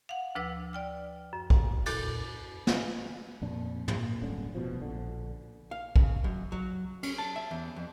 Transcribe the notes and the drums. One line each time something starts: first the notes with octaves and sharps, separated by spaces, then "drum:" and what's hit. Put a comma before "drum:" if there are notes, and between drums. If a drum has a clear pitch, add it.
F5 F#5
D2 F3 D4 B4 E6
D5 G5 F6
F#2
drum: kick
E2 A#2 A4 F#6 A6, drum: cymbal
drum: snare
F2 A#2 D4
A#2, drum: tom
D1 G1 D3 C#4
F1 B2 F3
A#1 D3
F5
C#3, drum: kick
F#2
F#3
C#4, drum: cymbal
A5
E5
E2
F2